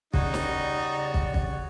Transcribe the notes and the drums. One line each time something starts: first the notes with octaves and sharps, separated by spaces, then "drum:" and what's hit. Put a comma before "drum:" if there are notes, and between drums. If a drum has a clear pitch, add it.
C#3 G3 D#4 F#4 C#5 D5, drum: kick
drum: snare
drum: kick
drum: kick